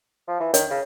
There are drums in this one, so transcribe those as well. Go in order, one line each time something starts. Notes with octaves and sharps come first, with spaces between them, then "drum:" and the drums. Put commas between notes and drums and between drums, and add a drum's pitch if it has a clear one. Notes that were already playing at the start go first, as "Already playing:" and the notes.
F3
E3
D#3 C#5, drum: hi-hat
C#3